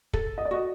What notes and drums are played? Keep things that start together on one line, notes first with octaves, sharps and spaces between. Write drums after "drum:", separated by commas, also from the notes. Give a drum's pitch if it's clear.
A4, drum: kick
D#5
D5
F#4 D#5